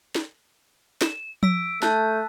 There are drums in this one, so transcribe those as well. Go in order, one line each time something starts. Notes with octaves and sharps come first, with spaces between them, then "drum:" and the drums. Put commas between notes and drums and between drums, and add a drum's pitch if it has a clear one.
drum: snare
E7, drum: snare
E6 B6 D7, drum: tom F3
A3 A5 F#6 G6, drum: snare